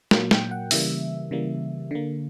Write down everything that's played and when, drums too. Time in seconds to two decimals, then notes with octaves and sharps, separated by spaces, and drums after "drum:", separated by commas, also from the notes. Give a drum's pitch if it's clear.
0.11 A#2 F#3 A#3 G5, drum: snare
0.31 G5, drum: snare
0.51 F#5
0.71 C#3 E3 G3 A#3 E5, drum: open hi-hat
1.31 C#3 E3 G3 A#3
1.91 D3 A#3